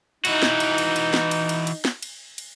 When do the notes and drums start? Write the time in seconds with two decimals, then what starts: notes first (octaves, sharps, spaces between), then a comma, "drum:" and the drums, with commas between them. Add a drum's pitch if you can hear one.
0.25 E3 D#4 F#4, drum: cymbal
0.43 drum: snare
0.60 drum: cymbal
0.78 drum: cymbal
0.96 drum: cymbal
1.14 drum: snare
1.31 drum: cymbal
1.49 drum: cymbal
1.67 drum: cymbal
1.85 drum: snare
2.02 drum: cymbal
2.38 drum: cymbal